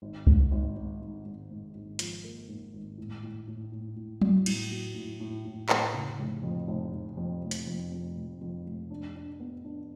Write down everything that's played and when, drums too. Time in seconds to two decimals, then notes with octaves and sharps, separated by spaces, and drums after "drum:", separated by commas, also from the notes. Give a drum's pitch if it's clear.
0.02 G#1
0.27 G#2, drum: kick C2
0.51 G#1
0.76 G#2
1.01 G#1
1.25 G#1
1.50 G#2
1.75 G#1
1.99 F3, drum: hi-hat
2.24 A#3
2.48 G#2
2.73 G#1
2.98 A2
3.23 A2
3.47 A2
3.72 A2
3.96 A2
4.21 F#3, drum: tom F#3
4.46 A2, drum: cymbal
4.71 F#3
4.95 A2
5.20 A2
5.45 A2
5.69 A2, drum: clap
5.94 C#3
6.19 F1
6.43 F2
6.68 F1
6.93 F1
7.17 F2
7.42 F1
7.51 drum: hi-hat
7.67 F2
7.92 F2
8.16 F1
8.41 F2
8.66 F1
8.90 D4
9.15 D4
9.40 B3
9.64 D4